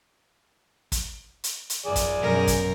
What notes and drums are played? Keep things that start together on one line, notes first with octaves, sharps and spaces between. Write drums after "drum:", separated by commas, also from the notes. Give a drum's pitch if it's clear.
drum: kick, hi-hat
drum: hi-hat
drum: hi-hat
F#2 G#4 D5
drum: kick, hi-hat
F#2 B2 A#4
drum: kick, hi-hat